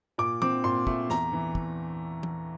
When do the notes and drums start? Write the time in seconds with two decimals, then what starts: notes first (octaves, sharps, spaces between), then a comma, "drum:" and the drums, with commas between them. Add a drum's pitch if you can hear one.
0.18 A#2 D6
0.42 C4 D6, drum: tom
0.64 A#2 C6
0.87 A3, drum: kick
1.10 E2 A#5, drum: snare
1.33 E3
1.55 drum: kick
2.23 drum: tom